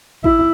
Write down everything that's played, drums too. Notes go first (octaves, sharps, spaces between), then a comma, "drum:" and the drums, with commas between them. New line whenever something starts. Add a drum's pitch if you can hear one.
E4, drum: kick